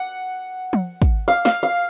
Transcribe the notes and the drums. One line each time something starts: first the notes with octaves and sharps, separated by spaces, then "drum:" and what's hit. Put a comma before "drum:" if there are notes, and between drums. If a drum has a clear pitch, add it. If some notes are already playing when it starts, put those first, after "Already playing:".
Already playing: F#5
drum: tom F3
drum: kick
F5
F5, drum: snare
F5